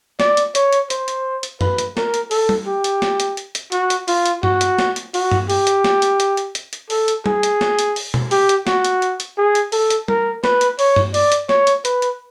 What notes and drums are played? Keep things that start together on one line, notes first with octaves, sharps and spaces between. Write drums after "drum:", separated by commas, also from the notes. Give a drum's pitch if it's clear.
D5, drum: snare
drum: hi-hat
C#5, drum: hi-hat
drum: hi-hat
C5, drum: hi-hat
drum: hi-hat
drum: hi-hat
B4, drum: tom F#2
drum: hi-hat
A#4, drum: snare
drum: hi-hat
A4, drum: open hi-hat
drum: tom G3
G4
drum: hi-hat
drum: snare
drum: hi-hat
drum: hi-hat
drum: hi-hat
F#4, drum: hi-hat
drum: hi-hat
F4, drum: open hi-hat
drum: hi-hat
F#4, drum: tom
drum: hi-hat
drum: snare
drum: hi-hat
F#4, drum: open hi-hat
drum: tom
G4, drum: open hi-hat
drum: hi-hat
drum: snare
drum: hi-hat
drum: hi-hat
drum: hi-hat
drum: hi-hat
drum: hi-hat
A4, drum: open hi-hat
drum: hi-hat
G#4, drum: tom G3
drum: hi-hat
drum: snare
drum: hi-hat
drum: open hi-hat
drum: tom B2
G4, drum: open hi-hat
drum: hi-hat
F#4, drum: snare
drum: hi-hat
drum: hi-hat
drum: hi-hat
G#4
drum: hi-hat
A4, drum: open hi-hat
drum: hi-hat
A#4, drum: tom G3
B4, drum: snare
drum: hi-hat
C#5, drum: open hi-hat
drum: tom
D5, drum: open hi-hat
drum: hi-hat
C#5, drum: snare
drum: hi-hat
B4, drum: hi-hat
drum: hi-hat